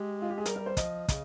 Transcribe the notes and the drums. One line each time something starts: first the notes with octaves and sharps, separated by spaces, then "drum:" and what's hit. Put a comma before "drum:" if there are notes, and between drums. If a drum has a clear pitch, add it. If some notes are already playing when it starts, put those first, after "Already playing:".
Already playing: G#3 G4
F4
G4
G#4
G3 A#4, drum: hi-hat
A#4
C5
F3 D#5, drum: kick, hi-hat
C#3, drum: kick, hi-hat